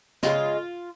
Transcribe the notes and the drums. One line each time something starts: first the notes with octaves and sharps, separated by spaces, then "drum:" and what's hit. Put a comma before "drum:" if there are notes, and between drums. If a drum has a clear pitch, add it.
C#3 G#3 F4, drum: snare